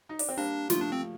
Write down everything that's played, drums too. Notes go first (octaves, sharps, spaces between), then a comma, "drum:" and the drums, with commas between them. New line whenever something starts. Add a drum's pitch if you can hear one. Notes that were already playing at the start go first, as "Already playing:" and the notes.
D#4
D4, drum: open hi-hat
C4
G3 A#3 D4
F3 A3 F4, drum: snare
D4
C4